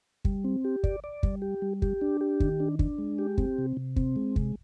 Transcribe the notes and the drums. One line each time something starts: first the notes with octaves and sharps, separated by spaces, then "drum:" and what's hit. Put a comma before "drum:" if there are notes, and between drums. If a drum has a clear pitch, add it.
G3, drum: kick
C4
G4
D5, drum: kick
D5
G3, drum: kick
G4
G3
G4, drum: kick
D4
G4
D#3, drum: kick
D4
D4, drum: kick
G#3
G4
C4, drum: kick
C3
C3
C4, drum: kick
G#3
C3, drum: kick